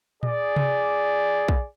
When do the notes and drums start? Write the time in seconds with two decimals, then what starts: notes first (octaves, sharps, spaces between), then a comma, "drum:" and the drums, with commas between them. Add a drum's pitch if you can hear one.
0.23 G#4 D5, drum: tom A#2
0.56 drum: tom C3
1.48 drum: kick